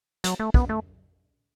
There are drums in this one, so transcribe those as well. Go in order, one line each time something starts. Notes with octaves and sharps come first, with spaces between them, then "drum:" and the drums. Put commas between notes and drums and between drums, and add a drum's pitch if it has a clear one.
F#3, drum: hi-hat
A3
B3, drum: kick
A3